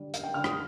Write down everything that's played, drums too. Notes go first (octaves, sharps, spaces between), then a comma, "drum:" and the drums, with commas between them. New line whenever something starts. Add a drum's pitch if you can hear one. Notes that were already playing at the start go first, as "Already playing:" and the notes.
Already playing: D3 G3
A#3 F5, drum: hi-hat
G5
D3 F6
D#6, drum: rim click